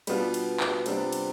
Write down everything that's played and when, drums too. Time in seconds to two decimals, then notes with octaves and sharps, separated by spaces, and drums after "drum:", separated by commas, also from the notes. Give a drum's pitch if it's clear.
0.07 B2 G3 B3 D4 F4, drum: cymbal
0.34 drum: cymbal
0.60 drum: clap
0.86 C3 G3 B3 D4 F4, drum: cymbal
1.13 drum: cymbal